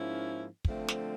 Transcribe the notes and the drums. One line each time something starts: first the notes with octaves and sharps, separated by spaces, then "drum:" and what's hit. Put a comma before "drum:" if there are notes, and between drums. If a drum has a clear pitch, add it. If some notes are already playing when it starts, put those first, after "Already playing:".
Already playing: G#2 F3 A#3 C#4 E4
D3 F3 A3 C4, drum: kick
drum: snare